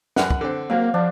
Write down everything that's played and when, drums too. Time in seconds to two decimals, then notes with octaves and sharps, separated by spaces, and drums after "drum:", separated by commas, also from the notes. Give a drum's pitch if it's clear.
0.16 F#2 B4 F#5, drum: snare
0.30 drum: kick
0.41 D3 C4
0.70 F#3 A#3 C4 F5
0.94 F3 D4